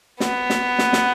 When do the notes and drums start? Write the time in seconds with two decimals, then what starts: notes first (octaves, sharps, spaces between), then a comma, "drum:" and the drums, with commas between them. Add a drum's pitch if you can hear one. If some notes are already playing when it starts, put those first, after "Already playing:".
0.20 B3, drum: snare
0.50 drum: snare
0.79 drum: snare
0.93 drum: snare